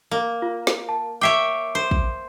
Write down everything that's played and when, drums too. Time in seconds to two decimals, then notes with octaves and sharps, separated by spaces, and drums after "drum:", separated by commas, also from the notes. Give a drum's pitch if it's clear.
0.11 A#3
0.42 F4
0.67 drum: snare
0.89 A5
1.21 C#5 E5 G5 D6 C7 D7
1.75 C5
1.91 drum: kick